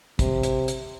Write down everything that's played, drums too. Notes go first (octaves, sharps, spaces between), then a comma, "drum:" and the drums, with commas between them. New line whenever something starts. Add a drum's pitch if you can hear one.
C3, drum: kick, hi-hat
drum: hi-hat
drum: hi-hat